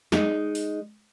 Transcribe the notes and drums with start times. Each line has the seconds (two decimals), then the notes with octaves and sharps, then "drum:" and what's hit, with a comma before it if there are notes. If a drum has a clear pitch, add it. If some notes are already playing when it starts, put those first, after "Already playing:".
0.12 G#3 D#4, drum: snare
0.55 drum: open hi-hat